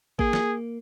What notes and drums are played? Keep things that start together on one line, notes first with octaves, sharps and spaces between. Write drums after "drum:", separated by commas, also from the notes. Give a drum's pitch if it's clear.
A#3 G#4, drum: kick G#1
drum: snare